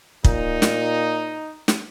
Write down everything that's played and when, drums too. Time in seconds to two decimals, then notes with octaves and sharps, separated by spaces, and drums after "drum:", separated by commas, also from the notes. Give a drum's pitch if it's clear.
0.24 A#2 D#4, drum: kick
0.62 drum: snare
1.68 drum: snare